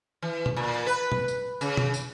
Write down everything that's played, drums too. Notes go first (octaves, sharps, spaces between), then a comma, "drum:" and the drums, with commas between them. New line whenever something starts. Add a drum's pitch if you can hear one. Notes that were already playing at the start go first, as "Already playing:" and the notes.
E3
drum: tom
A#2
B4
drum: tom
drum: tambourine
C#3, drum: tambourine
drum: tom
drum: tambourine